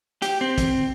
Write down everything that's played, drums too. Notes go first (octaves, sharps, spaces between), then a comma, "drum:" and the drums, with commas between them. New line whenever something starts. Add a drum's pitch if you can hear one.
G4, drum: hi-hat
C4
drum: kick, hi-hat